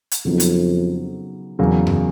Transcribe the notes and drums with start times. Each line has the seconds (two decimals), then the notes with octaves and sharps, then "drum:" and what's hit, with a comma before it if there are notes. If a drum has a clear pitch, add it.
0.11 drum: hi-hat
0.25 F2 C#3 F#3 B3 D#4
0.40 drum: hi-hat
1.59 E2 C#3 F#3 A#3
1.87 drum: tom F2